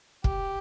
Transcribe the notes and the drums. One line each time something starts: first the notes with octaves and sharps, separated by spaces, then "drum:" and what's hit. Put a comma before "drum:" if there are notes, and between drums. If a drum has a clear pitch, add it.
G4, drum: kick